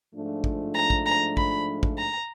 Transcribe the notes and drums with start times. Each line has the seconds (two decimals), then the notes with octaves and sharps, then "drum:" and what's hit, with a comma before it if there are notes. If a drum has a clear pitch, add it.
0.13 G#2 F3 A3 D4 F4
0.44 drum: kick
0.75 A#5
0.90 drum: kick
1.06 A#5
1.37 B5, drum: kick
1.83 drum: kick
1.98 A#5